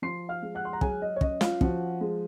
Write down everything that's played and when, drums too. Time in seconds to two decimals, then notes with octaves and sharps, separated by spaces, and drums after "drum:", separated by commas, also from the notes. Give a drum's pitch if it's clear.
0.02 F3 C6 C7
0.29 F5 F6
0.42 G#3
0.55 F#5 F#6
0.65 C6
0.73 A#5
0.81 F#3 G#4 G#5, drum: kick
1.02 D#5
1.16 C#5
1.21 C#4 D#5, drum: kick
1.41 F4 F5, drum: snare
1.61 F3 F#4 F#5, drum: kick
2.01 G#3